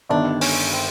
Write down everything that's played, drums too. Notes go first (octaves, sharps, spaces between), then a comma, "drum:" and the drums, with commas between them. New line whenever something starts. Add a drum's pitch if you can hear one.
G1 G2 D#3 D4
C#4, drum: open hi-hat
C4